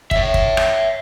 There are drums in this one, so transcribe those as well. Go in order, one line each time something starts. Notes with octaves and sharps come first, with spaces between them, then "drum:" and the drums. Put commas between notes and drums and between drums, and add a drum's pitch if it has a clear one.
C#5 E5, drum: kick
drum: kick
drum: rim click